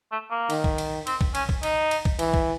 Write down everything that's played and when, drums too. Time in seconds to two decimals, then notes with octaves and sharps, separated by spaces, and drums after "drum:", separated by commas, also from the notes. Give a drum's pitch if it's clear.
0.12 A3
0.31 A#3
0.50 D#3, drum: cymbal
0.64 drum: kick
0.78 drum: cymbal
1.07 C4, drum: cymbal
1.21 drum: kick
1.35 C#4, drum: cymbal
1.49 drum: kick
1.63 D#4, drum: cymbal
1.91 drum: cymbal
2.05 drum: kick
2.19 E3, drum: cymbal
2.34 drum: kick